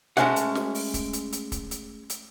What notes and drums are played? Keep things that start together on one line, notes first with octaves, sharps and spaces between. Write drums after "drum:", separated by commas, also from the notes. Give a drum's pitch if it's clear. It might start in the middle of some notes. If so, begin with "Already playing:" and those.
G#3 A3 C#4 C5 E5 F#5, drum: snare
drum: hi-hat
drum: snare
drum: open hi-hat
drum: kick, hi-hat
drum: hi-hat
drum: hi-hat
drum: kick, hi-hat
drum: hi-hat
drum: hi-hat